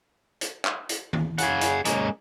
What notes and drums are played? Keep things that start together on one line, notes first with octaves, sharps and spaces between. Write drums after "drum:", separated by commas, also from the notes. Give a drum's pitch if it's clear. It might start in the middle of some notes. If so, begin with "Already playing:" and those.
drum: hi-hat
drum: clap
drum: hi-hat
drum: tom D#3
C#3 G#4 F#5, drum: hi-hat
drum: hi-hat
G#3 A#3 C#4, drum: hi-hat